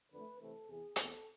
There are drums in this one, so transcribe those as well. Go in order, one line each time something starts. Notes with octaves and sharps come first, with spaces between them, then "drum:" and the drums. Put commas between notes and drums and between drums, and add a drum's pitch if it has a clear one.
F2 D3 A3 B4
C3 E3 A3 C4 A4
E2 C3 E3 G#4
E2 B2 A3 C4 A4, drum: hi-hat